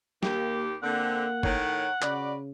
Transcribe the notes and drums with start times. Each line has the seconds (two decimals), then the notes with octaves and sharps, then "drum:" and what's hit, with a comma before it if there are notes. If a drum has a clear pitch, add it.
0.23 D#2 A#3 G4, drum: snare
0.83 D3 A#3 C4 F#5
1.43 A2 D#3 C#5, drum: kick
2.02 C#3 F#4 B4 D5, drum: clap